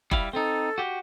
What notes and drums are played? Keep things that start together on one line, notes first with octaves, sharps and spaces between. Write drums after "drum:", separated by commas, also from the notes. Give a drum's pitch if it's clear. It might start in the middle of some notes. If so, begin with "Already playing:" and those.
G3 E4 F5, drum: kick F1
C4 D#4 A4
F#4 G4